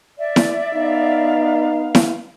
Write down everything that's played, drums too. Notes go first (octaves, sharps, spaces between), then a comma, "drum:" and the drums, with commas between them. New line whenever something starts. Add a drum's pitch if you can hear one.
D5 E5
drum: snare E4
B3 D#4 F5
drum: snare E4